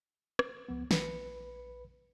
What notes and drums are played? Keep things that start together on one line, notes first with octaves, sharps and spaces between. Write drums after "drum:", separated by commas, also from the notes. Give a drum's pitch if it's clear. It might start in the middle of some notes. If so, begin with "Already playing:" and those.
drum: rim click
C#2 F3 B3
A#1 B4 B5 C#7, drum: snare